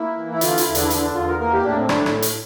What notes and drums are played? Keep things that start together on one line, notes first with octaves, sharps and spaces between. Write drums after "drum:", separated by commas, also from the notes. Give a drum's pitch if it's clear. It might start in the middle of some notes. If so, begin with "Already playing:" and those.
Already playing: A#3 E4
E3
E4
D3 F4, drum: hi-hat
E4, drum: hi-hat
E2
D4, drum: hi-hat
E4
D3 D4, drum: hi-hat
D4
E2 F4
A#4
A#3 A#4
G4
A2 D4
C4
A2 D4, drum: rim click
drum: rim click
drum: hi-hat